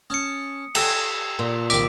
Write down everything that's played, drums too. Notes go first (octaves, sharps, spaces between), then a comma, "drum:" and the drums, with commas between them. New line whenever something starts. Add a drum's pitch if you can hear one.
C#4 A5 D#6 C#7
G4 A4 G#5 E6 E7, drum: cymbal
A#2
C2 D#3 D6 B6 D7, drum: tambourine